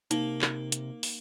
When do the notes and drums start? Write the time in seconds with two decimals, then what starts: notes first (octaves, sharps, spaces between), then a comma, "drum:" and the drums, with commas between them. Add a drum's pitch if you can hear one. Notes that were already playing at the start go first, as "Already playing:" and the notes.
0.11 C3 A#3 D#4, drum: hi-hat
0.42 drum: clap
0.72 drum: hi-hat
1.03 drum: open hi-hat